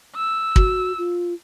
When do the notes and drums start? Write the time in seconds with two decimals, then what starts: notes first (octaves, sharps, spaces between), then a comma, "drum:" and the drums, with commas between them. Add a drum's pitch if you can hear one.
0.16 E6
0.56 F#4, drum: kick
0.98 F4